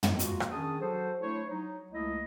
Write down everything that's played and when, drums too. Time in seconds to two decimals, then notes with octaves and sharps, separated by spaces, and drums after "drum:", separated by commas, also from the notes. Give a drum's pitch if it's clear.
0.03 drum: tom
0.19 G#3 A#3 F4 F#4, drum: hi-hat
0.40 drum: rim click
0.51 D#3 C#4 D4 G#4 A5 D#6
0.81 F#3 F#4 A4 C5
1.21 A3 D4 E4 C5 C#5
1.49 F#3 D#4
1.92 C#2 A3 A#3 E4 D#5